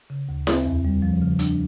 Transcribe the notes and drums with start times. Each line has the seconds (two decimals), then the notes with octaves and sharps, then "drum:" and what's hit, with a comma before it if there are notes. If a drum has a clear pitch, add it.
0.10 C#3
0.29 D2
0.47 C4, drum: snare E4
0.65 E2
0.85 G3
1.02 F3
1.22 C#3
1.39 D4, drum: hi-hat